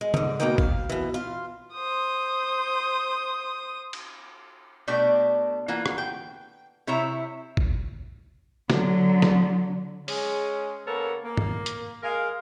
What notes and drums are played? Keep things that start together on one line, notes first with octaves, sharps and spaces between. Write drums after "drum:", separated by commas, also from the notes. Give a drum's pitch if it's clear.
G#3
G#2 D3, drum: tom C#3
B2 F#3 A#3 B3 D#4 G5
F5, drum: kick
B2 E3
F4 F5
C5 D#6
drum: cymbal
B2 A3 D4 D5 G5
E3 A#3 F4 F#5
drum: rim click
G5
C3 E4 C#5 E5 A#5
drum: kick
D3 F#3, drum: snare
drum: snare
G#3 C#4 G#4, drum: open hi-hat
C#3 A#3 B3 A4 A#4 C#5
A#3
drum: tom G2
drum: hi-hat
G#3 A#4 F5